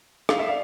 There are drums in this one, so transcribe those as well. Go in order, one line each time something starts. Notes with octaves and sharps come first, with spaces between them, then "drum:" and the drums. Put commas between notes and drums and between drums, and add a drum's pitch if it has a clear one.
F5, drum: rim click
E5
D5 F5